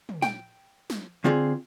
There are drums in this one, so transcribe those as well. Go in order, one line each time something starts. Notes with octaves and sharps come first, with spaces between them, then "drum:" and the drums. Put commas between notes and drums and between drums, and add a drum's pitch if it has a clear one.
drum: tom
G5, drum: snare
drum: snare
D3 C4 F4 G#4